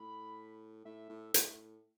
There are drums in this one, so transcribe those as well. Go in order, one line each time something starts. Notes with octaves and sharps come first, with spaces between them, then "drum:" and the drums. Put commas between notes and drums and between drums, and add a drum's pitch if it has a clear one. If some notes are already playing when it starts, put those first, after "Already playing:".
Already playing: A2 B5
A2 E5
A2
A2, drum: hi-hat